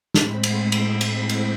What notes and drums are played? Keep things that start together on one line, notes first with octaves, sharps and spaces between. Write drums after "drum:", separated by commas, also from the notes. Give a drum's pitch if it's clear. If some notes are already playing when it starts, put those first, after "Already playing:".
A2 G#3 C4 B5, drum: snare
drum: cymbal
drum: cymbal
drum: cymbal
drum: cymbal